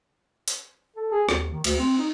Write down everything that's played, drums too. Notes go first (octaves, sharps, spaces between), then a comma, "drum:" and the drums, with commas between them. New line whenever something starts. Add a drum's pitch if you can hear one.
drum: hi-hat
A4
G#4
D#2, drum: rim click
D#3
D2, drum: cymbal
C4
D#4